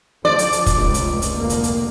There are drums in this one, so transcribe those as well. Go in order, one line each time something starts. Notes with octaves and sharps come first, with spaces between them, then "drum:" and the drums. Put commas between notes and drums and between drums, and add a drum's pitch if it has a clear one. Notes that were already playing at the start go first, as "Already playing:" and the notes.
D2 F3 D5
drum: hi-hat
drum: hi-hat
drum: kick, hi-hat
F1 C#2
drum: hi-hat
drum: hi-hat
F1 D2 A#3
drum: hi-hat
drum: hi-hat